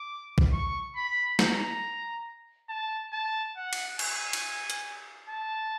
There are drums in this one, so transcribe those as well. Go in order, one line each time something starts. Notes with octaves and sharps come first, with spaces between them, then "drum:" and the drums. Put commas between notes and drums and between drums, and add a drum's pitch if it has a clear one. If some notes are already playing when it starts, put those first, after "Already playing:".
Already playing: D6
drum: kick
C#6
B5
A#5, drum: snare
A5
A5
F#5
drum: cymbal
G#5, drum: cymbal
drum: cymbal
drum: hi-hat
A5